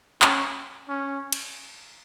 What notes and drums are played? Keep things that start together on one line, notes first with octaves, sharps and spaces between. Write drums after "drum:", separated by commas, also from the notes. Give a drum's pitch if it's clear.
C#4, drum: clap
C#4
drum: cymbal